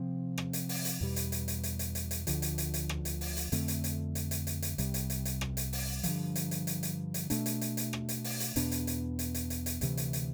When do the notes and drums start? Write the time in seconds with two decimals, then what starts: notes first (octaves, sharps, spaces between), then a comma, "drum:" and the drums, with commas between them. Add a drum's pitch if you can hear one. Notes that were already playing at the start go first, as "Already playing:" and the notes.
Already playing: C3 F3 C4
0.38 drum: rim click
0.53 drum: hi-hat
0.69 drum: open hi-hat
0.85 drum: hi-hat
1.01 E2 B2 G3
1.16 drum: hi-hat
1.32 drum: hi-hat
1.48 drum: hi-hat
1.63 drum: hi-hat
1.79 drum: hi-hat
1.95 drum: hi-hat
2.11 drum: hi-hat
2.27 D2 D3 F3, drum: hi-hat
2.42 drum: hi-hat
2.58 drum: hi-hat
2.74 drum: hi-hat
2.89 drum: rim click
3.05 drum: hi-hat
3.21 drum: open hi-hat
3.37 drum: hi-hat
3.52 F2 D3 A3 C4, drum: hi-hat
3.68 drum: hi-hat
3.84 drum: hi-hat
4.15 drum: hi-hat
4.31 drum: hi-hat
4.47 drum: hi-hat
4.62 drum: hi-hat
4.78 C2 C3 G3, drum: hi-hat
4.94 drum: hi-hat
5.10 drum: hi-hat
5.25 drum: hi-hat
5.41 drum: rim click
5.57 drum: hi-hat
5.73 drum: open hi-hat
6.03 G2 D3 F3, drum: hi-hat
6.36 drum: hi-hat
6.51 drum: hi-hat
6.67 drum: hi-hat
6.83 drum: hi-hat
7.14 drum: hi-hat
7.30 B2 A3 D4, drum: hi-hat
7.46 drum: hi-hat
7.61 drum: hi-hat
7.77 drum: hi-hat
7.93 drum: rim click
8.09 drum: hi-hat
8.24 drum: open hi-hat
8.40 drum: hi-hat
8.56 E2 B2 B3 D4, drum: hi-hat
8.72 drum: hi-hat
8.87 drum: hi-hat
9.19 drum: hi-hat
9.34 drum: hi-hat
9.50 drum: hi-hat
9.66 drum: hi-hat
9.81 D2 C3 E3, drum: hi-hat
9.97 drum: hi-hat
10.13 drum: hi-hat